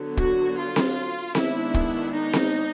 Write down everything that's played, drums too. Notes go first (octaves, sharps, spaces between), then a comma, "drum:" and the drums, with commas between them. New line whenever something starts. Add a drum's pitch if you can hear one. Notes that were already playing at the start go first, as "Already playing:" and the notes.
Already playing: D3 F#3 B3
F#4, drum: kick
F4
drum: snare C4
D#3 G#3 B3 D4 E4, drum: snare C4
drum: kick
D#4
drum: snare C4